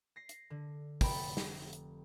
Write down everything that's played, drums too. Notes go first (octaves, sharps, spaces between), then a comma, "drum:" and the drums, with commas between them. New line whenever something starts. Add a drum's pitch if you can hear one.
A#6 C7
drum: hi-hat
D3
F1 G5 A#5 B5 A6, drum: kick, open hi-hat
drum: snare
drum: hi-hat